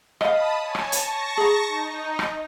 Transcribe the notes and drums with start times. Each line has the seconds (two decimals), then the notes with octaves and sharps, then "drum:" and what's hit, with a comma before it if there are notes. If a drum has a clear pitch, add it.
0.21 D#5 F5 A5 B5 D#6, drum: rim click
0.61 C#5 G#5 A5
0.75 drum: rim click
0.92 A5 C#6 A#6, drum: hi-hat
1.37 G#4 A#5
1.68 D#4
2.19 drum: rim click